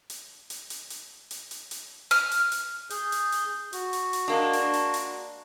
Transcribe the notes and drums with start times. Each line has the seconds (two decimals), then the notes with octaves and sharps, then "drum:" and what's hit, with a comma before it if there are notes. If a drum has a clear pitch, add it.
0.10 drum: hi-hat
0.50 drum: hi-hat
0.70 drum: hi-hat
0.90 drum: hi-hat
1.31 drum: hi-hat
1.51 drum: hi-hat
1.71 drum: hi-hat
2.11 F6, drum: hi-hat
2.31 drum: hi-hat
2.52 drum: hi-hat
2.90 G#4 G6, drum: hi-hat
3.12 drum: hi-hat
3.32 drum: hi-hat
3.73 F#4, drum: hi-hat
3.93 drum: hi-hat
4.13 drum: hi-hat
4.28 G#3 A#3 D4
4.53 drum: hi-hat
4.73 drum: hi-hat
4.94 drum: hi-hat